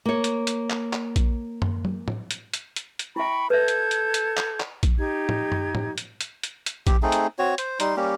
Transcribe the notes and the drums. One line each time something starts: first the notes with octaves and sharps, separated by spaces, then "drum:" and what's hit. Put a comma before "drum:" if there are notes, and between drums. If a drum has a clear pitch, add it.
A#3 C#5
drum: hi-hat
drum: hi-hat
drum: clap
drum: clap
drum: kick A#1, hi-hat
drum: tom
drum: tom
drum: tom
drum: hi-hat
drum: hi-hat
drum: hi-hat
drum: hi-hat
E4 E5 G5 B5 C#6
A4 B4 E5 G6 G#6
drum: hi-hat
drum: hi-hat
drum: hi-hat
drum: clap
drum: clap
drum: kick A#1, hi-hat
D#4 G4 G#6
drum: tom
drum: tom
drum: tom
drum: hi-hat
drum: hi-hat
drum: hi-hat
drum: hi-hat
G4, drum: kick A#1, hi-hat
A3 C4 D#4 G#4
drum: hi-hat
C4 F#4 C#5
C5, drum: hi-hat
G3 D#4 C6, drum: hi-hat
G3 A#3 C#4 G4